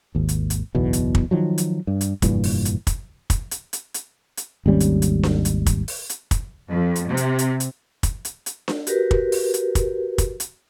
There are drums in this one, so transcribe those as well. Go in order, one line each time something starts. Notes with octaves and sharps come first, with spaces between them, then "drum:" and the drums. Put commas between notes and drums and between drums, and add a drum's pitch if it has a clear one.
G#1 D#2
drum: hi-hat
drum: hi-hat
F#1 B1 E2 B2
drum: hi-hat
drum: kick
D#3 F3 F#3
drum: hi-hat
G2
drum: hi-hat
F1 G2 A#2 E3, drum: kick, hi-hat
drum: open hi-hat
drum: hi-hat
drum: kick, hi-hat
drum: kick, hi-hat
drum: hi-hat
drum: hi-hat
drum: hi-hat
drum: hi-hat
G#1 D#2 G3 C#4
drum: hi-hat
drum: hi-hat
drum: snare D4
drum: hi-hat
drum: kick, hi-hat
drum: open hi-hat
drum: hi-hat
drum: kick, hi-hat
F2
drum: hi-hat
C3
drum: hi-hat
drum: hi-hat
drum: hi-hat
drum: kick, hi-hat
drum: hi-hat
drum: hi-hat
drum: snare D4
F#4 G4 A#4 B4, drum: hi-hat
drum: kick
drum: open hi-hat
drum: hi-hat
drum: kick, hi-hat
drum: kick, hi-hat
drum: hi-hat